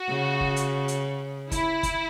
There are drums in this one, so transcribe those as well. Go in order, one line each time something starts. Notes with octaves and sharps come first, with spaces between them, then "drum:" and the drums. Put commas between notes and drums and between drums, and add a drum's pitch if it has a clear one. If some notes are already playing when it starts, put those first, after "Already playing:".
Already playing: F#4
C#3
drum: kick
drum: hi-hat
drum: hi-hat
E4, drum: kick, hi-hat
drum: kick, hi-hat